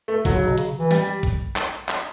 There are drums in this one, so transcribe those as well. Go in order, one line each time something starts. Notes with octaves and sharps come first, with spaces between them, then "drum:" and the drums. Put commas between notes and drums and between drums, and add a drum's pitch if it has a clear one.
A3
D3 F#3, drum: kick A1, hi-hat
C#3
B2
C#3, drum: hi-hat
E3
G3, drum: open hi-hat
drum: kick A1, hi-hat
drum: clap
drum: clap